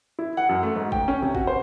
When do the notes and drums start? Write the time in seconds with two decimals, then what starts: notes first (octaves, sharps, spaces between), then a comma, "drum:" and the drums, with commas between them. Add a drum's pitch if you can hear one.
0.19 E4
0.37 F#5
0.49 F#2
0.63 A3
0.76 G#2
0.92 G5, drum: kick G#1
1.08 C#4
1.22 C3
1.35 F#4, drum: kick G#1
1.47 C5